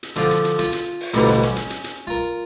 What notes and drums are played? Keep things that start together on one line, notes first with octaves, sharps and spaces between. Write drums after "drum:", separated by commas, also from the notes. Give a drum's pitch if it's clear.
drum: hi-hat
D3 F3 F5 G5 D#6, drum: hi-hat
drum: hi-hat
drum: hi-hat
F4, drum: hi-hat
drum: hi-hat
drum: open hi-hat
A1 D2 G2 B2 C5 A#5, drum: hi-hat
drum: hi-hat
C#4, drum: hi-hat
drum: hi-hat
drum: hi-hat
drum: hi-hat
F4 A#4